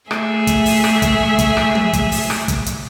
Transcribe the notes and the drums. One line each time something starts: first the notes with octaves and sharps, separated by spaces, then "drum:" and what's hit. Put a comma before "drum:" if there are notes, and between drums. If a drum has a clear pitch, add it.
A3 G#4 E5, drum: rim click
drum: kick, hi-hat
drum: open hi-hat
drum: rim click
drum: kick, hi-hat
drum: kick, hi-hat
drum: rim click
drum: tom
drum: kick, hi-hat
drum: open hi-hat
drum: rim click
drum: kick, hi-hat
drum: hi-hat